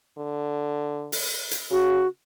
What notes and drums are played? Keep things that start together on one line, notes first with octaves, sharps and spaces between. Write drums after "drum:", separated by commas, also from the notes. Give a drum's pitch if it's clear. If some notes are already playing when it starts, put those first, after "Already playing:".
D3
drum: open hi-hat
drum: hi-hat
C#3 F#4